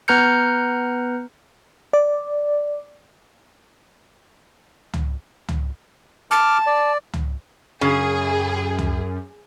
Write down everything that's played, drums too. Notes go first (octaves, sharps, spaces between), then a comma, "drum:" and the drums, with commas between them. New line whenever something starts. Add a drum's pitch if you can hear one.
B3 B4 A#5 F6 G6 C#7
D5
drum: tom
drum: tom
A5 D6 F6
D5
drum: tom
F#2 C#3 G#4
drum: tom